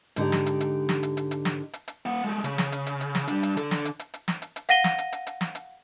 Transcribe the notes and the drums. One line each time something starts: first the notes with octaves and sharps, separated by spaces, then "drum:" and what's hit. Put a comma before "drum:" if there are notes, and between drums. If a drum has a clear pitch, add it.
G#2 D3 D#4 G4, drum: hi-hat
drum: snare
drum: hi-hat
drum: hi-hat
drum: snare
drum: hi-hat
drum: hi-hat
drum: hi-hat
drum: snare
drum: hi-hat
drum: hi-hat
A#3 F#5
G#3 A3
C#3, drum: hi-hat
drum: snare
drum: hi-hat
drum: hi-hat
drum: hi-hat
drum: snare
G3 D4, drum: hi-hat
drum: hi-hat
D3 A4, drum: hi-hat
drum: snare
drum: hi-hat
drum: hi-hat
drum: hi-hat
drum: snare
drum: hi-hat
drum: hi-hat
F5 F#5 A#6 D#7 G7, drum: hi-hat
drum: snare
drum: hi-hat
drum: hi-hat
drum: hi-hat
drum: snare
drum: hi-hat